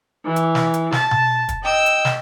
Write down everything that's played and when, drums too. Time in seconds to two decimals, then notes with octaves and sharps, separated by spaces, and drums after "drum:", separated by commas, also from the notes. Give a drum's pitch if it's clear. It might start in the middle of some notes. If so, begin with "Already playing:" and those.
0.24 E3
0.36 drum: hi-hat
0.55 drum: snare
0.74 drum: hi-hat
0.92 A5, drum: snare
1.11 drum: tom B2
1.49 drum: kick, hi-hat
1.61 D#5 G5 E6
1.86 drum: hi-hat
2.05 drum: snare